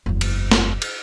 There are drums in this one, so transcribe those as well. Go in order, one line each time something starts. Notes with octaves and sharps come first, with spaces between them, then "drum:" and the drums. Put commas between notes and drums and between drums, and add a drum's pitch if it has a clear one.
F#1 E2
drum: cymbal
drum: snare
drum: cymbal